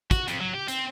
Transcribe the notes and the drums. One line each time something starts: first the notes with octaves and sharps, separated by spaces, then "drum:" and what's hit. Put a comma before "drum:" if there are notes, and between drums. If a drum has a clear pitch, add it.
F#4, drum: kick, hi-hat
F2, drum: hi-hat
F#3
G4
C4, drum: hi-hat